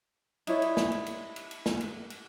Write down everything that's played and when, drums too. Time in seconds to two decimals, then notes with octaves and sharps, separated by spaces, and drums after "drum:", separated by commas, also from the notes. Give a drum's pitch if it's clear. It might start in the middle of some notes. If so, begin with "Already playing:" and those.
0.47 D#4 E4 C#5 D5, drum: cymbal
0.62 drum: cymbal
0.77 drum: snare
0.92 drum: cymbal
1.06 drum: cymbal
1.36 drum: cymbal
1.51 drum: cymbal
1.66 drum: snare
1.81 drum: cymbal
2.10 drum: cymbal